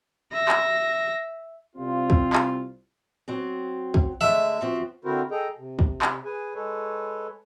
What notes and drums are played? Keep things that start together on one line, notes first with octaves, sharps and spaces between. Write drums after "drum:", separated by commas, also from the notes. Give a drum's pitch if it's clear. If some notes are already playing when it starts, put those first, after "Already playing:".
E5 A#6
drum: clap
C2 C4 F4
drum: kick
drum: clap
F#3 C4
drum: kick
D3 G#3 A3 E5
F3 C4 F#4
D3 C4 E4 F#4 A#4 C5
G#4 A4 D#5 G5 A#5
C3
drum: kick
drum: clap
G#4 B4 G#5
G#3 A4 B4 C#5